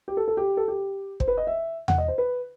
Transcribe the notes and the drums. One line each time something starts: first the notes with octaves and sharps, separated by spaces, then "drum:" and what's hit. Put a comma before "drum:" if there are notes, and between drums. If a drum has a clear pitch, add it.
G4
A4
A4
G4
A4
G4
C5, drum: kick
B4
D#5
E5
F#5, drum: tom E2
D#5
C5
B4